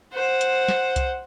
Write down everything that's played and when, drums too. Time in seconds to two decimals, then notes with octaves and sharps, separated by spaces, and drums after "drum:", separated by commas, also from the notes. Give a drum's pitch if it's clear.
0.13 C5 F#5
0.41 drum: hi-hat
0.68 drum: snare
0.96 drum: kick C2, hi-hat